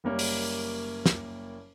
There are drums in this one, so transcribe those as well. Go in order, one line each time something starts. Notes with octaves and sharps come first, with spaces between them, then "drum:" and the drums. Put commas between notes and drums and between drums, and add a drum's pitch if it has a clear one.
F#1 G3 A#3 C#5 D6
drum: open hi-hat
drum: snare